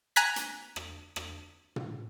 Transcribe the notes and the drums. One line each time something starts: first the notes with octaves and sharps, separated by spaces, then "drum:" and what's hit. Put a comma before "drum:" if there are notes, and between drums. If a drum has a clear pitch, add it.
G#5 A#5 F#6 G#6 B6
drum: hi-hat
drum: rim click
drum: rim click
drum: tom